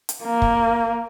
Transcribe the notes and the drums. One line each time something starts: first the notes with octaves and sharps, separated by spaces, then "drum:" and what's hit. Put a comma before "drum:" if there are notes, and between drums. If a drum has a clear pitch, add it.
drum: hi-hat
A#3
drum: kick